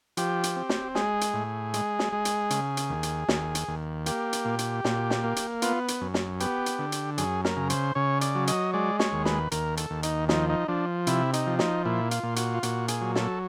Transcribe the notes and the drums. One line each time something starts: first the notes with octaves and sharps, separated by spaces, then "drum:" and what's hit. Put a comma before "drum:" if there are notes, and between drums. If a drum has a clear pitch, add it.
F3 G4, drum: hi-hat
drum: hi-hat
C4
drum: snare
G#3 G#4, drum: snare
drum: hi-hat
A2
G#3, drum: hi-hat
drum: snare
G#3
drum: hi-hat
C#3, drum: hi-hat
drum: hi-hat
D#2
drum: hi-hat
D#2, drum: snare
drum: hi-hat
D#2
A#3 G4, drum: hi-hat
drum: hi-hat
A#2
drum: hi-hat
A#2, drum: snare
drum: snare
A#3
drum: hi-hat
B3 F4, drum: hi-hat
drum: hi-hat
F#2
drum: snare
B3 G4, drum: hi-hat
drum: hi-hat
D3
drum: hi-hat
F#2 G#4, drum: hi-hat
A#4, drum: snare
C#3
C5, drum: hi-hat
C#3 C#5
D5, drum: hi-hat
F#3
D#5, drum: hi-hat
G#3 D5
C#5, drum: snare
D#2
B4, drum: snare
D#2 A#4, drum: hi-hat
A4, drum: hi-hat
D#2
D#4, drum: hi-hat
F3 D#4, drum: snare
D#4
F3 D4
C3 E4, drum: hi-hat
D#4, drum: hi-hat
F3
D#4, drum: snare
A#2 E4
F4, drum: hi-hat
A#2
F#4, drum: hi-hat
F4
A#2 F#4, drum: hi-hat
G#4, drum: hi-hat
F#3
A4, drum: snare